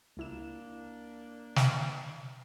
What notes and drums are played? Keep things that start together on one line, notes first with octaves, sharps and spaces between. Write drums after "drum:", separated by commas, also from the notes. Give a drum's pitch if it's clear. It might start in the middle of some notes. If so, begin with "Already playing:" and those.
C#2 A#3 D4 E4 E7
drum: snare